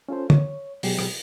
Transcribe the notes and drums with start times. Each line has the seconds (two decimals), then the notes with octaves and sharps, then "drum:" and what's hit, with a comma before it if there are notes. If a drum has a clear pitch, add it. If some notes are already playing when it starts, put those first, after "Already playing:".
0.09 C#4 F4 A4 C5
0.30 C#5, drum: tom
0.83 B2 F#3 G#3 G4 G#4, drum: open hi-hat
0.99 drum: rim click